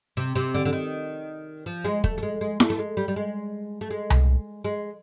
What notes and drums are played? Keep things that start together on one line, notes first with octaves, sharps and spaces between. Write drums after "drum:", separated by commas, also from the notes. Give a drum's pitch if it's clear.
C3
C3
D3
D3
D#3
F3
G#3
A3, drum: kick
A3
G#3
G#3
A3, drum: snare E4
A3
G#3
G3
G3
G#3
A3
G#3
drum: tom C2
G#3